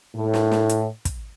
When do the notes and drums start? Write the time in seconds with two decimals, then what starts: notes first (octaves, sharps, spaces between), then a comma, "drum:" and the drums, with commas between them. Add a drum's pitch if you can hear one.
0.16 A2
0.34 drum: snare
0.52 drum: snare
0.69 drum: hi-hat
1.05 drum: kick, hi-hat